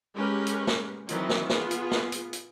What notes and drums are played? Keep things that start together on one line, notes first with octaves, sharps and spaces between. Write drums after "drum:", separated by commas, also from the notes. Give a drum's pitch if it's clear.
G#3 C#4 G4 A#4 B4
drum: hi-hat
drum: snare
D#3 E3 F#3 C4 D#5, drum: hi-hat
drum: snare
B3 F4 G#4, drum: snare
drum: hi-hat
drum: snare
drum: hi-hat
drum: hi-hat